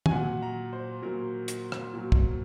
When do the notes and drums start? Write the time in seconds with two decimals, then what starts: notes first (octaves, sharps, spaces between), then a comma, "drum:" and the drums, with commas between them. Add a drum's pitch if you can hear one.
0.06 G#5, drum: tom
0.11 A#2 F#3 F#5
0.42 A#5
0.73 C5
1.02 A#2 F#3 A#4
1.48 drum: hi-hat
1.72 drum: rim click
1.94 A#2 F#3
2.12 drum: kick